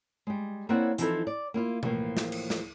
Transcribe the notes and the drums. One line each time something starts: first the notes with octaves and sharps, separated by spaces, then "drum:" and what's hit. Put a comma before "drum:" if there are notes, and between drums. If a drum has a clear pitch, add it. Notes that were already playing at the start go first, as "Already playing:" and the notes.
G3 G#3
A#3 C4 E4 C#5 D5 F#5
E3 F3 C4 D#4 E4 A4, drum: hi-hat
D5
A#3 E4 F4
A2 E3 F3 A#3 F4, drum: tom B2
drum: snare
drum: cymbal
drum: snare